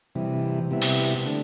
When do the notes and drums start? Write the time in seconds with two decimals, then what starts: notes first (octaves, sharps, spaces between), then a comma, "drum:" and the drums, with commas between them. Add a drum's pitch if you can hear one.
0.15 C3 E3 G3
0.71 C3 G3 B3 E4
0.81 drum: open hi-hat
1.25 D3 A3 D4